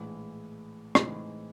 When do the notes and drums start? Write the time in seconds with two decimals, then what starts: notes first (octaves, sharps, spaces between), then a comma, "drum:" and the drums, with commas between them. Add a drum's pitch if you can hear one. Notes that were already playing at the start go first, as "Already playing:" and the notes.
Already playing: A#1 A2 E3 G#3
0.95 A2 E3 G#3 C4 D#4, drum: rim click